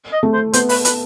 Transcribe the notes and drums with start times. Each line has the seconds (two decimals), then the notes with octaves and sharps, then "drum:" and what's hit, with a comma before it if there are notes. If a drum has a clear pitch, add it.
0.13 D#5
0.23 A3
0.33 C5
0.53 B3 C5, drum: hi-hat
0.69 B4, drum: open hi-hat
0.85 B4, drum: hi-hat